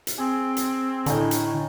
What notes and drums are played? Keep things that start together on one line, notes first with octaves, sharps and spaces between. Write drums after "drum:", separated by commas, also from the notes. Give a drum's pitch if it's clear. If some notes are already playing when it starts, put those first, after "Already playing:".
drum: hi-hat
C4 G#4
drum: hi-hat
A2 D3 C#4 D#4 G5, drum: hi-hat
drum: hi-hat